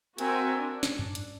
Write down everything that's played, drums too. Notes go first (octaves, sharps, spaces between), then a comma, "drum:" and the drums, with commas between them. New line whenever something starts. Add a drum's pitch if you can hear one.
C4 F#4 A#4 E5 G#5, drum: hi-hat
D4
drum: snare
drum: tom F#2
drum: hi-hat